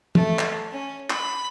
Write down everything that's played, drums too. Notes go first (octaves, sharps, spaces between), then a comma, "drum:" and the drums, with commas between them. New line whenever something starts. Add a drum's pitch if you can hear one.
A3, drum: tom E3
drum: clap
C#4
B5, drum: clap